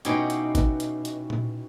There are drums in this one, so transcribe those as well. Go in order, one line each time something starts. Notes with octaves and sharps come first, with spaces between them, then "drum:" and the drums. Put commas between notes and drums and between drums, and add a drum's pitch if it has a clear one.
B2 C#4 D#4 E4 G4, drum: hi-hat
drum: hi-hat
drum: kick G#1, hi-hat
drum: hi-hat
drum: hi-hat
drum: tom A#2